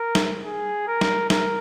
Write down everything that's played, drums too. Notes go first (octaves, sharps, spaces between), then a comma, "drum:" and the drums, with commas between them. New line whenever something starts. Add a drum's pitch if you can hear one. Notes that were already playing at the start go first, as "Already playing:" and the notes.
Already playing: A#4
drum: snare
G#4
A#4
drum: snare
A#4, drum: snare